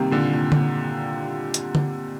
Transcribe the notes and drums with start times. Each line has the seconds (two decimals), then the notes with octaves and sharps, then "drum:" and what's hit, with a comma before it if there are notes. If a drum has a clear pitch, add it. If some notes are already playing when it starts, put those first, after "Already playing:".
Already playing: C3 D#3 G3 A#3
0.11 A#2 D3
0.33 A#2
0.52 drum: tom D3
1.54 drum: hi-hat
1.75 drum: tom D3